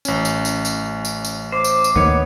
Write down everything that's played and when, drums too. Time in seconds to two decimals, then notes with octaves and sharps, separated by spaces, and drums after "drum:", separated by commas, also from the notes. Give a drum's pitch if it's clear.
0.05 A1 C#4, drum: tambourine
0.25 drum: tambourine
0.45 drum: tambourine
0.65 drum: tambourine
1.05 drum: tambourine
1.25 drum: tambourine
1.52 C5 D6
1.64 drum: tambourine
1.84 drum: tambourine
1.96 D2 D#3 A#3 B3 C#5